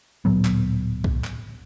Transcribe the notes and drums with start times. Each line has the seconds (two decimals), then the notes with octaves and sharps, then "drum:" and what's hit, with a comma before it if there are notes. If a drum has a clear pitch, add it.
0.25 D1 A#2 F#3 B3
0.45 drum: clap
1.04 drum: kick B1
1.24 drum: clap